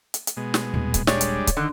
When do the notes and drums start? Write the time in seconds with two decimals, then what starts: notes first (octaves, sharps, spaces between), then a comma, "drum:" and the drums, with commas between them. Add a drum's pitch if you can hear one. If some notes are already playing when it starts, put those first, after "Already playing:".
0.14 drum: hi-hat
0.27 drum: hi-hat
0.37 B2 G#3
0.54 drum: snare
0.74 D#1
0.94 drum: kick C#1, hi-hat
1.07 G3 G#3 D4 C#5 D5, drum: snare
1.21 drum: hi-hat
1.47 drum: kick C#1, hi-hat
1.57 D3 D#3